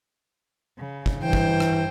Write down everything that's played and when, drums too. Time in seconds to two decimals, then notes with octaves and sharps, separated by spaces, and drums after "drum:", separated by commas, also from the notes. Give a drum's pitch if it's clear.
0.79 C#3
1.06 drum: kick
1.22 G2 E3 C5 G5
1.33 drum: kick
1.60 drum: rim click